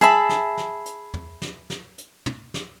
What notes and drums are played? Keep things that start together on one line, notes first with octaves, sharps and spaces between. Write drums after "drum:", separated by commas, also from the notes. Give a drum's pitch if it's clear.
G#4 E5 A5 B5, drum: tom
drum: snare
drum: snare
drum: hi-hat
drum: tom
drum: snare
drum: snare
drum: hi-hat
drum: tom
drum: snare